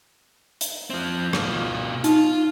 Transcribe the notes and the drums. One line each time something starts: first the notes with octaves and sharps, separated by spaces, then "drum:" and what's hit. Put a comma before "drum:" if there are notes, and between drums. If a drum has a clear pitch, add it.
drum: hi-hat
F3 C4
B2 F4, drum: rim click
D#4 F4, drum: hi-hat